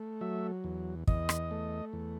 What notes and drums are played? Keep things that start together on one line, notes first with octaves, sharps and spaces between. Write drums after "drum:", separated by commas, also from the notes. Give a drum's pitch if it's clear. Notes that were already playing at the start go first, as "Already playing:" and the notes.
Already playing: A3
F#3 E5
E2
E2 D#5, drum: kick
drum: rim click
A3
E2